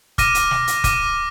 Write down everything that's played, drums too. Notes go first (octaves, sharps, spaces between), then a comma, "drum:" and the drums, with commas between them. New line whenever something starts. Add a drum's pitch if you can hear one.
D6 F6 A#6 D#7, drum: kick, hi-hat
drum: hi-hat
drum: snare
drum: hi-hat
D6 F6 A#6 D#7, drum: kick, hi-hat